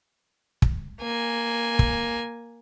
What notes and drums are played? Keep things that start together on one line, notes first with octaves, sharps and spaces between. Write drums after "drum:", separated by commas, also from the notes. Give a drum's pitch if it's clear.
drum: kick
A#3 G#5
drum: kick